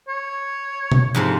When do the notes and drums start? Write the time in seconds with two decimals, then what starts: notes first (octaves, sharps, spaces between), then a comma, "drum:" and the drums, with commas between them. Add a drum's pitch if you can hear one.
0.08 C#5
0.92 drum: tom B2
1.15 F2 G#2 C3